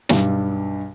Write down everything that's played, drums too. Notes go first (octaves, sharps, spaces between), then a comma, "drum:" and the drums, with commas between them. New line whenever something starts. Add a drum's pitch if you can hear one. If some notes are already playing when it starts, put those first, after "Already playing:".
B1 G2 G3, drum: snare